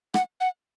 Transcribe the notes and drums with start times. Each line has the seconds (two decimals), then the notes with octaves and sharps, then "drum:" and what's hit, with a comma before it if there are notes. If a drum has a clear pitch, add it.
0.14 F#5, drum: rim click
0.41 F#5